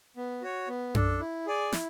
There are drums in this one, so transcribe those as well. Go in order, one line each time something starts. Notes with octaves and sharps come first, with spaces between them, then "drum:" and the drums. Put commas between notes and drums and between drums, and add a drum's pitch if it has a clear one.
B3
F#4 C#5
B3
D4 A4, drum: tom F#2
E4
G#4 D5 G#5
E4, drum: snare